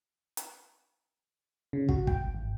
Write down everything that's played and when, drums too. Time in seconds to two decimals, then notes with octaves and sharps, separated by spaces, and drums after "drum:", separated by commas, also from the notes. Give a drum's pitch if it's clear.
0.37 drum: hi-hat
1.73 C#3
1.89 F#4, drum: kick
2.07 G5, drum: kick
2.35 G#1